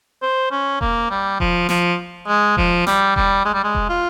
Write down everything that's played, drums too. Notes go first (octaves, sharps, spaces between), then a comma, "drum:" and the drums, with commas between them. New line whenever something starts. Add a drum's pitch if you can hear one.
C5
C#4
A#3, drum: kick E1
G3
F3, drum: kick E1
F3, drum: snare
G#3
F3, drum: kick E1
G3, drum: snare
G3, drum: kick E1
G#3
G3
G#3
drum: kick E1
F4